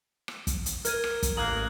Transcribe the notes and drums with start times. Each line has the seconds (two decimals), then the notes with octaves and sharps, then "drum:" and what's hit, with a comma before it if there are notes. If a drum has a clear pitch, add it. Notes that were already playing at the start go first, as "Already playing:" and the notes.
0.28 drum: rim click
0.47 drum: kick, hi-hat
0.66 drum: hi-hat
0.85 A#4 F6 G#6 D#7, drum: hi-hat
1.04 drum: rim click
1.23 drum: kick, hi-hat
1.37 A1 A#3 A#5 D#6 F#6 G#6 F#7